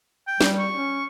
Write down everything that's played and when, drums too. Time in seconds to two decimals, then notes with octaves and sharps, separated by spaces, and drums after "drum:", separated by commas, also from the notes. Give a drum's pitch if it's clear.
0.28 G5
0.41 G3, drum: snare
0.59 C#6
0.74 C#4